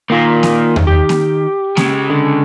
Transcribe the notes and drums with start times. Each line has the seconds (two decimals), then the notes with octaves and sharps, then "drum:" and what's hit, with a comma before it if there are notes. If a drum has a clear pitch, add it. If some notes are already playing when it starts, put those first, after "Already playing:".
0.10 D#3 A#3 F4 A#4
0.43 drum: snare A#3
0.76 drum: tom E2
0.87 G4
1.09 drum: snare A#3
1.77 C#3 G#3, drum: snare A#3
2.10 D3